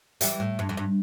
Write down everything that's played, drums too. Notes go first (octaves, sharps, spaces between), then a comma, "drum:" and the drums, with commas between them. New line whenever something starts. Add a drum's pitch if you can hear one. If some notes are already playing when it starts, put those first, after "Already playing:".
E3 G3, drum: hi-hat
A2
G2
F2
G2